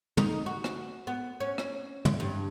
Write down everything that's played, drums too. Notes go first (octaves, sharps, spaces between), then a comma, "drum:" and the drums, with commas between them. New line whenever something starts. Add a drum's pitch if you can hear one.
D#4, drum: tom
F#4
drum: rim click
B3
C#4
drum: rim click
drum: tom
G2